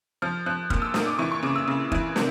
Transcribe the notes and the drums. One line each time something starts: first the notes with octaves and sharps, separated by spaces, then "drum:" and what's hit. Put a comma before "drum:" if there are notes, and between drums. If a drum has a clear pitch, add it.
F3 F6
F3 F#6
A#2 F6, drum: kick
E6
A#2 D#6, drum: snare
D6
E3 C#6
C#6
C#3 D6
E6
C#3
E3, drum: kick
C3, drum: snare